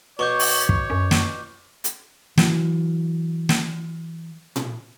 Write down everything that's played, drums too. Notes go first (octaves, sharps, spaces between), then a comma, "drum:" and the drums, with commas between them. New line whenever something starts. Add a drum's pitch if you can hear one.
B2 C#5 C#6 D6 G6
drum: open hi-hat
drum: kick
F#2
drum: snare
drum: hi-hat
E3 F#3, drum: snare
drum: snare
drum: tom A#2